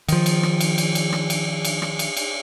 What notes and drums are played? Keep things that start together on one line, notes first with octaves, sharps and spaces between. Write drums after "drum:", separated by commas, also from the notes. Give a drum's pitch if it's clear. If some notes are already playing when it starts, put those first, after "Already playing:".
D#3 F3, drum: cymbal
drum: cymbal
drum: rim click
drum: cymbal
drum: cymbal
drum: cymbal
drum: rim click
drum: cymbal
drum: cymbal
drum: rim click
drum: cymbal
drum: cymbal